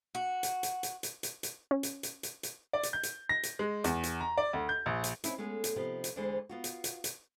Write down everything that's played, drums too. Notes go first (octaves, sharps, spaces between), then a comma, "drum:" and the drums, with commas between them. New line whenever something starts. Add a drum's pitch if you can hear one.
F#4
drum: hi-hat
drum: hi-hat
drum: hi-hat
drum: hi-hat
drum: hi-hat
drum: hi-hat
C#4
drum: hi-hat
drum: hi-hat
drum: hi-hat
drum: hi-hat
D5
drum: hi-hat
G6
drum: hi-hat
A#6
drum: hi-hat
G#3
E2, drum: hi-hat
drum: hi-hat
A#5
D5
D2
G6
A#1
drum: hi-hat
C4 C#4 D#4 E4, drum: hi-hat
G#3 A3 B3 C#4
drum: hi-hat
C3 F3 B3 D#4 G4
drum: hi-hat
D2 D3 E3 G#3 C5
B3 F4 F#4
drum: hi-hat
drum: hi-hat
drum: hi-hat